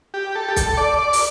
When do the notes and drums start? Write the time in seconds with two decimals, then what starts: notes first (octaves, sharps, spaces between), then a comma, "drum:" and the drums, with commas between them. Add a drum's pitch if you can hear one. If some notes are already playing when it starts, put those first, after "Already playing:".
0.14 G4
0.35 A4
0.48 G4
0.56 A4, drum: kick B1, hi-hat
0.77 D5
0.99 D5
1.13 drum: open hi-hat